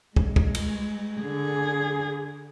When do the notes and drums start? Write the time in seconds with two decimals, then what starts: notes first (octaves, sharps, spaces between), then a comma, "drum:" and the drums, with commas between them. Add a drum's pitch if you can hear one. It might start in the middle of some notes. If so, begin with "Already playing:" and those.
0.16 G#3, drum: kick
0.36 drum: kick
0.55 drum: cymbal
1.22 D3 G#4